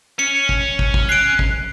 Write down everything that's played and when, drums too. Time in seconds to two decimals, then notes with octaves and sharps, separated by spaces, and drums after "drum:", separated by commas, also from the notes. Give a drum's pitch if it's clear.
0.19 C#4 C#7
0.49 drum: kick
0.79 drum: kick
0.94 drum: kick
1.09 F#6 C7 D7
1.39 drum: kick